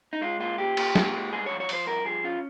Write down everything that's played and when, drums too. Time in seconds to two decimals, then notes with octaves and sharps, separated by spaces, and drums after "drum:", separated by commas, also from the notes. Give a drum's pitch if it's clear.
0.13 D#4
0.21 G#3 F4
0.39 A#2 F4
0.58 A#2 G4
0.77 A#2, drum: cymbal
0.95 A#2, drum: snare
1.14 G#3
1.32 G2 G#4
1.46 F3 C#5
1.60 C#5
1.69 F3 C5, drum: open hi-hat
1.87 G2 A#4
2.05 F3 G#4
2.24 C#4 F4